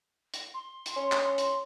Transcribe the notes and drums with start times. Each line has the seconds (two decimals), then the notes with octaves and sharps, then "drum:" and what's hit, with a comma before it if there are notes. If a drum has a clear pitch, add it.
0.34 drum: hi-hat
0.54 C6
0.86 drum: hi-hat
0.96 C#4
1.12 drum: clap
1.38 C6, drum: hi-hat